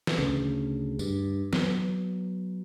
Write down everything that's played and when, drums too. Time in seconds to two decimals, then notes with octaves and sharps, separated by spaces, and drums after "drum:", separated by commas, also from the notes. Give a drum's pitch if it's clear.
0.07 drum: snare
0.18 D2 C#3
0.99 G2, drum: tambourine
1.53 F#3 B3, drum: snare